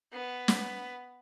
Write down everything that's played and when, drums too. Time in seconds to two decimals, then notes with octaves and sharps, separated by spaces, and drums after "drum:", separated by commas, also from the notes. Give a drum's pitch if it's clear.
0.12 B3
0.48 drum: snare